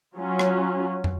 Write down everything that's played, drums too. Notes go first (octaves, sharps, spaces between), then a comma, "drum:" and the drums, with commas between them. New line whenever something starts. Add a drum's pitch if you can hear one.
F#3 C#4 F4
drum: rim click
drum: tom